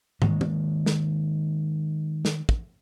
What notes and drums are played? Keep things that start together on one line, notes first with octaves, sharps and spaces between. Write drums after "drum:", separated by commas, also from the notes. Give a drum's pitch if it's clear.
D#3 G#3 A#3, drum: tom
drum: tom D#3
drum: snare
drum: snare
drum: kick